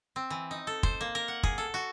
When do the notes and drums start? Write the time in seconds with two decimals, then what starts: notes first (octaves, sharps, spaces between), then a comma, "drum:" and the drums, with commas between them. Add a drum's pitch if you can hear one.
0.16 C4
0.30 E3
0.51 D#4
0.67 A4
0.83 C5, drum: kick
1.01 A#3
1.15 A#4
1.28 F#5
1.43 G#4, drum: kick
1.58 A4
1.74 F#4